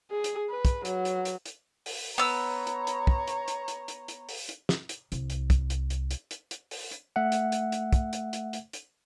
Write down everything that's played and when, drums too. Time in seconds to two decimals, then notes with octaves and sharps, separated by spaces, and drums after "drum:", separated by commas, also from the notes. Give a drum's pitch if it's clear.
0.11 G#4
0.24 drum: hi-hat
0.50 B4
0.65 drum: kick, hi-hat
0.85 F#3, drum: hi-hat
1.05 drum: hi-hat
1.25 drum: hi-hat
1.46 drum: hi-hat
1.86 drum: open hi-hat
2.18 B3 C#5 A#5 E6
2.67 drum: hi-hat
2.87 drum: hi-hat
3.07 drum: kick
3.28 drum: hi-hat
3.48 drum: hi-hat
3.68 drum: hi-hat
3.88 drum: hi-hat
4.08 drum: hi-hat
4.29 drum: open hi-hat
4.49 drum: hi-hat
4.69 drum: snare
4.89 drum: hi-hat
5.12 C2, drum: hi-hat
5.30 drum: hi-hat
5.50 drum: kick, hi-hat
5.70 drum: hi-hat
5.90 drum: hi-hat
6.11 drum: hi-hat
6.31 drum: hi-hat
6.51 drum: hi-hat
6.71 drum: open hi-hat
6.91 drum: hi-hat
7.16 A3 E5 F#5
7.32 drum: hi-hat
7.52 drum: hi-hat
7.72 drum: hi-hat
7.93 drum: kick, hi-hat
8.13 drum: hi-hat
8.33 drum: hi-hat
8.53 drum: hi-hat
8.73 drum: hi-hat